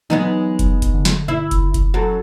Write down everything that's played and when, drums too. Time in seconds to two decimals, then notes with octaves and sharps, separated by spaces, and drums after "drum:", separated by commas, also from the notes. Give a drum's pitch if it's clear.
0.10 E3 F#3 G#3 B3 D#4
0.59 drum: kick F#1, hi-hat
0.82 drum: kick F#1, hi-hat
0.94 D3
1.05 drum: snare
1.28 E4, drum: tom G2
1.51 drum: kick F#1, hi-hat
1.74 drum: kick F#1, hi-hat
1.94 F#2 F#4 A4